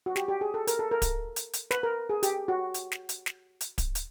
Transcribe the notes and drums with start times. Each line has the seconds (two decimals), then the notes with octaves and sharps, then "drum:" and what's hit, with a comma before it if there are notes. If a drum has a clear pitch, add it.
0.06 F#4
0.16 G4, drum: snare
0.28 G4
0.41 G#4
0.54 A4
0.67 A#4, drum: hi-hat
0.79 A4
0.91 A#4
1.02 drum: kick D1, hi-hat
1.36 drum: hi-hat
1.53 drum: hi-hat
1.71 B4, drum: snare
1.83 A#4
2.10 G#4
2.23 G4, drum: hi-hat
2.48 F#4
2.74 drum: hi-hat
2.92 drum: snare
3.09 drum: hi-hat
3.26 drum: snare
3.61 drum: hi-hat
3.78 drum: kick D1, hi-hat
3.95 drum: hi-hat